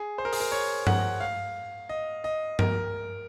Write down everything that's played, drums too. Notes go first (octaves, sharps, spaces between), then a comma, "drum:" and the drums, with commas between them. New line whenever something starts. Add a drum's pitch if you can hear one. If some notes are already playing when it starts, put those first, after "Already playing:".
Already playing: G#4
C5
A#4
G#4, drum: open hi-hat
A#4
C#5
F#5, drum: tom G2
F5
D#5
D#5
A#4, drum: tom G2